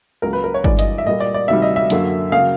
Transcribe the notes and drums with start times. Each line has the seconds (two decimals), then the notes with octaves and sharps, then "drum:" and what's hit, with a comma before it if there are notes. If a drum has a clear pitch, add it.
0.22 C#2 C#3 F#3 A#3 A#4
0.33 B4
0.44 A#4
0.54 C#5
0.64 G2 E3 G#3 D5, drum: kick
0.79 D#5, drum: hi-hat
0.98 E5
1.06 A#2 G3 A#3 D#5
1.20 D5
1.34 D5
1.48 D2 C3 D#3 G3 E5
1.62 D#5
1.76 E5
1.90 F#2 D3 F#3 A#3, drum: hi-hat
2.32 C#3 F#3 A#3 F5